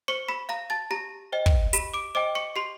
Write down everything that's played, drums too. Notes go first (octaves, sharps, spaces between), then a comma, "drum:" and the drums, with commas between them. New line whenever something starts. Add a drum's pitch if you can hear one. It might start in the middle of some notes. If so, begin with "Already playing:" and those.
C5 C#6 C#7
B5 B6
F5 A#5 A#6
A5 A6
G4 A#5 A#6
C5 D#5 G5
drum: kick
G4 B5 B6, drum: hi-hat
D6 D7
C5 D#5 G5 D6 D7
C#6 C#7
G4 C6 C7